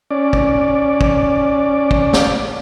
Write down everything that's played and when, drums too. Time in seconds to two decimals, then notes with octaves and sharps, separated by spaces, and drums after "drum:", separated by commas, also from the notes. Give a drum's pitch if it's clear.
0.10 C#4 D5
0.33 drum: kick
1.01 drum: kick
1.91 drum: kick
2.13 drum: snare